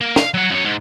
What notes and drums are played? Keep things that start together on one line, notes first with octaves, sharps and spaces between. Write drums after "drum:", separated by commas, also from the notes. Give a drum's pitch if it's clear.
A#3
F5, drum: snare
F#3 F#5
F#2 C#5
G#2